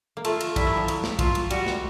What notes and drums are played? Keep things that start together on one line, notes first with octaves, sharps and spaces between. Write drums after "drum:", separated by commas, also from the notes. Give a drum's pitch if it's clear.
A#3
A3 F4, drum: cymbal
drum: cymbal
G3 E4, drum: kick, cymbal
F#3
F3
F#3, drum: cymbal
F3, drum: snare
F#3 F4, drum: kick, cymbal
drum: cymbal
G3 F#4, drum: cymbal
drum: snare